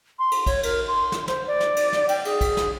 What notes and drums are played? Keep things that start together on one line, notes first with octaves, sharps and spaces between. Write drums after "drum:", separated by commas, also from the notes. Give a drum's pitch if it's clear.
C6
drum: cymbal
C#5, drum: kick, cymbal
A#4, drum: cymbal
C6
drum: snare
C5, drum: snare
D5
drum: snare
drum: cymbal
drum: snare
G5, drum: cymbal
G#4, drum: cymbal
drum: kick, cymbal
drum: snare